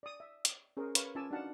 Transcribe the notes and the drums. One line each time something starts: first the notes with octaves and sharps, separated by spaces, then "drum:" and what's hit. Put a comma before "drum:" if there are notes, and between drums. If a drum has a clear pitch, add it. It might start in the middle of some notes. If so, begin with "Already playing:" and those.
D5 D#6
E5
drum: hi-hat
C#4 G#4 A#4 C5 C#5
B4 C#5 F5 B5 C#6, drum: hi-hat
C#4 F4 G#5 A5 D6 E6
D4 D#4 F#4 F5 F#5 A5